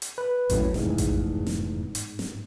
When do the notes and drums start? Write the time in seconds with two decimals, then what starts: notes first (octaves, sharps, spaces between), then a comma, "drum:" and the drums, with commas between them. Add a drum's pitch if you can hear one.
0.02 drum: hi-hat
0.18 B4
0.50 D#1 F#2 A2, drum: kick A1, hi-hat
0.74 F1 E2 G#2, drum: snare
0.98 drum: kick A1, hi-hat
1.47 drum: snare
1.95 drum: hi-hat
2.19 drum: snare